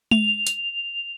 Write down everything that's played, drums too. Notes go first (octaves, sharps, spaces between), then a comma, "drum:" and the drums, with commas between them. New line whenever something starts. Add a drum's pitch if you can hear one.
F7, drum: tom G#3
drum: hi-hat